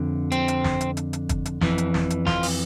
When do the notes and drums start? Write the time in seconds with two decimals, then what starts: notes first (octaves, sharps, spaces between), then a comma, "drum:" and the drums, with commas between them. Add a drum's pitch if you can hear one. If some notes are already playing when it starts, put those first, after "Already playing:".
Already playing: F2 D3
0.32 C4, drum: hi-hat
0.48 drum: hi-hat
0.64 drum: snare
0.81 drum: hi-hat
0.97 drum: hi-hat
1.13 drum: hi-hat
1.29 drum: kick, hi-hat
1.45 drum: hi-hat
1.61 F2 E3, drum: snare
1.78 drum: hi-hat
1.94 drum: snare
2.10 drum: hi-hat
2.27 F4, drum: snare
2.43 drum: open hi-hat